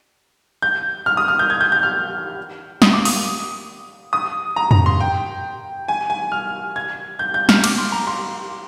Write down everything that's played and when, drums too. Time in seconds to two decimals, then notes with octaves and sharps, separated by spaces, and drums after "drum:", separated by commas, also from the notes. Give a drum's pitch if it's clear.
0.62 G6
1.06 F6
1.17 D#6
1.28 F6
1.39 G6
1.50 G#6
1.61 G6
1.72 G6
1.83 F6
2.82 D#6, drum: snare
2.93 D6
3.05 D#6, drum: open hi-hat
4.13 D#6
4.56 A#5
4.71 A#5, drum: tom F2
4.86 C6
5.00 G5
5.88 G#5
6.10 G#5
6.32 F6
6.76 G#6
7.19 G6
7.34 G6
7.49 F6, drum: snare
7.64 D6, drum: cymbal
7.78 C6
7.92 A#5
8.07 C6